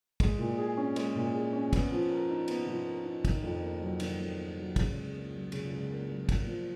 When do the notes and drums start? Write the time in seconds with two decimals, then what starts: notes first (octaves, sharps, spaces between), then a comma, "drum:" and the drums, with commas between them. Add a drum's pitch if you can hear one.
0.20 G#3, drum: kick, cymbal
0.39 A#2
0.58 G#4
0.77 C#4
0.96 G#3, drum: cymbal
1.15 A#2
1.35 G#4
1.53 C#4
1.73 B3, drum: kick, cymbal
1.91 F3
2.10 A#4
2.29 D#4
2.48 B3, drum: cymbal
2.67 F3
2.86 A#4
3.05 D#4
3.25 D#3, drum: kick, cymbal
3.43 F2
3.62 A#3
3.81 F#3
4.00 D#3, drum: cymbal
4.19 F2
4.38 A#3
4.57 F#3
4.76 C#3, drum: kick, cymbal
4.95 C#2
5.14 A#3
5.34 F#3
5.52 C#3, drum: cymbal
5.70 C#2
5.90 A#3
6.08 F#3
6.29 A#3, drum: kick, cymbal
6.47 F3